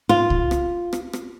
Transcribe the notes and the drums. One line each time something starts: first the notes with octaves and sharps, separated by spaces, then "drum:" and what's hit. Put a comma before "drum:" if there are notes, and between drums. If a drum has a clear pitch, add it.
F4
drum: kick C2
drum: rim click
drum: rim click
drum: rim click